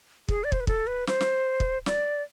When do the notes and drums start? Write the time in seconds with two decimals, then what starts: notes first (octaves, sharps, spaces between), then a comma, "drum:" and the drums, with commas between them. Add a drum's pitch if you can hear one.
0.29 G#4, drum: kick
0.44 D5
0.52 C5, drum: kick
0.60 B4
0.67 A4, drum: kick
0.87 B4
1.07 C5, drum: snare
1.21 drum: snare
1.60 drum: kick
1.86 D5, drum: snare